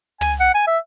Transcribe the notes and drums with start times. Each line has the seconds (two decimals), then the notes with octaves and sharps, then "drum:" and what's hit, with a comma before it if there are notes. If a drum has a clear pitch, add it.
0.21 G#5, drum: tom
0.40 F#5
0.54 G#5
0.67 E5